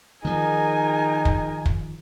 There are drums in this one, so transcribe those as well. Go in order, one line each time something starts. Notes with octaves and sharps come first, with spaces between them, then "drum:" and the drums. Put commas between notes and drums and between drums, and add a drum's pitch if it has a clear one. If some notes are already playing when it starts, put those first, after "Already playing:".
D#3 F3 D#4 G#4 A#4 G#5
drum: kick
drum: kick